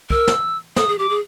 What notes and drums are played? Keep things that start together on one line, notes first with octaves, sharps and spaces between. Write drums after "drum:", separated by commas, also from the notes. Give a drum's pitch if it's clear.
A#4 E6, drum: kick
drum: snare
A4 D#6, drum: snare
G#4
G4 D6
G#4